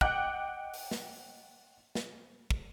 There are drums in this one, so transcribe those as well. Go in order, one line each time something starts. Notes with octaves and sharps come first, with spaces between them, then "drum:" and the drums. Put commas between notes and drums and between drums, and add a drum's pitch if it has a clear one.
D#5 F#5 G5 D6 F#6, drum: kick
drum: open hi-hat
drum: snare
drum: snare
drum: kick